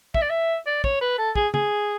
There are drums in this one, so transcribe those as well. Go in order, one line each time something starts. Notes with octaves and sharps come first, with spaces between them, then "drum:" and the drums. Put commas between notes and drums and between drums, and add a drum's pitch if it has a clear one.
E5, drum: kick
D5
E5
D5
C#5, drum: kick
B4
A4
G#4, drum: kick
G#4, drum: tom